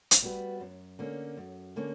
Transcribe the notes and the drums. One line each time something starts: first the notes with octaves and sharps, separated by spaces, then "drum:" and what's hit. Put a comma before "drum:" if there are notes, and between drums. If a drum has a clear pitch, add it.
drum: hi-hat
G3 B3 F#4 B4
F#2
D3 A#3 C#4
F#2
D3 A#3 C#4